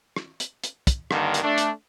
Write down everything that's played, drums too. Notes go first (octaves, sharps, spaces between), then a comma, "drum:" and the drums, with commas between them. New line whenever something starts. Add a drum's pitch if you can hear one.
drum: rim click
drum: hi-hat
drum: hi-hat
drum: kick, hi-hat
G2 D3 D#3 A#3, drum: rim click
drum: hi-hat
A3 D4
drum: hi-hat